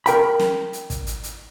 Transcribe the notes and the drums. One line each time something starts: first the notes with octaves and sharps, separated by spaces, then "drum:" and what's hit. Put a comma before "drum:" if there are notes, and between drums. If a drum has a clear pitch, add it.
A#4 G5 B5, drum: hi-hat
drum: snare
drum: hi-hat
drum: kick, hi-hat
drum: hi-hat
drum: hi-hat